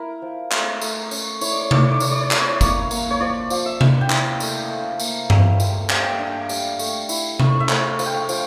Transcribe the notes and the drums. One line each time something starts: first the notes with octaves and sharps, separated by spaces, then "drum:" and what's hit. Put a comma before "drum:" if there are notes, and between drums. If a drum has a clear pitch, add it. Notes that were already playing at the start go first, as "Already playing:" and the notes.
Already playing: E4 A#4
F3
A3, drum: clap
A3, drum: tambourine
C#4, drum: tambourine
E4 C#5, drum: tambourine
D5
C#5
E4 D5, drum: tom C3
C#5
D5
E4 C#5, drum: tambourine
D5
C#5
E4 D5, drum: clap
C#5
D5
A#3 C#5, drum: kick, tambourine
A#3, drum: tambourine
C#5
F3 D5
F3, drum: tambourine
E5
A#3, drum: tom C3
G5
E4 F5, drum: clap
A3, drum: tambourine
A3
A#3, drum: tambourine
G3, drum: tom G2
F4, drum: tambourine
G3, drum: clap
G5
D4 F5
G5
G3, drum: tambourine
A3, drum: tambourine
E4, drum: tambourine
A3, drum: tom C3
E5
A3 F5, drum: clap
F3, drum: tambourine
G5
F5
F3, drum: tambourine